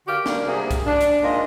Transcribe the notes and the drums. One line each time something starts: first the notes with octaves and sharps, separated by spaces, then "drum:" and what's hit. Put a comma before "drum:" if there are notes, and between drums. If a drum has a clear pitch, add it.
D3 F#4 G4 A#4 F5
A#3 D4, drum: snare
C3 G3 A#3 F#4 G#4
drum: kick C2, hi-hat
D4
drum: hi-hat
G#2 A#3 F4 D#5